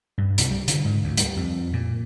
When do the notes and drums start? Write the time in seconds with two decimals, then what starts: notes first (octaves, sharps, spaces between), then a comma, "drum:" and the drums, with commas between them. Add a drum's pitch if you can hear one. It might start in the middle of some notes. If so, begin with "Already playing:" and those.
0.18 G2
0.38 C2, drum: hi-hat
0.51 G3
0.68 D3, drum: hi-hat
0.85 G#2
1.04 D2
1.17 G3, drum: hi-hat
1.37 F2
1.73 A#2